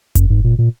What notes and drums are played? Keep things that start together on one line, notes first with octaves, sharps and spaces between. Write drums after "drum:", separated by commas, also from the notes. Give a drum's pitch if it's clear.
F#2, drum: kick F#1, hi-hat
G#2
A#2
A#2